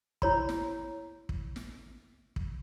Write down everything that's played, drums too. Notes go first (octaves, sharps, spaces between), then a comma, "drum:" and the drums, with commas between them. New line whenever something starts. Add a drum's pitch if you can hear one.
E4 C#5 B5, drum: kick
drum: snare
drum: kick
drum: snare
drum: kick